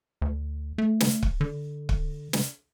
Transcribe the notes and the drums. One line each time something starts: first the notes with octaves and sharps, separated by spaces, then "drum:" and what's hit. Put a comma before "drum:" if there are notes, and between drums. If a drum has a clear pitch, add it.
D2
A3
drum: snare
drum: kick
D3
drum: kick
drum: snare